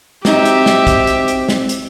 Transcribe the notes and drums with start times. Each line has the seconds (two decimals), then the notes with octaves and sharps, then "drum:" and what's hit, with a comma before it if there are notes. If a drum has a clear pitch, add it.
0.25 F#3 C4 D#4 G4 E5, drum: snare
0.45 drum: hi-hat
0.66 drum: snare
0.87 drum: kick, hi-hat
1.07 drum: hi-hat
1.28 drum: hi-hat
1.49 drum: snare
1.69 drum: hi-hat